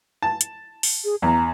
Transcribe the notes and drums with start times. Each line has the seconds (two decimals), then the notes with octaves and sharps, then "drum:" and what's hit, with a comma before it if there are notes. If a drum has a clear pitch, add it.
0.22 A5
0.41 drum: hi-hat
0.83 drum: open hi-hat
1.05 G#4
1.22 E2 A#5